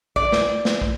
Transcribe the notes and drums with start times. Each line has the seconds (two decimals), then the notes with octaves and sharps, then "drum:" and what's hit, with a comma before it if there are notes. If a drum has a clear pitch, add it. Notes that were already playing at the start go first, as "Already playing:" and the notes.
0.16 D5, drum: kick
0.32 drum: snare
0.65 drum: snare
0.81 drum: kick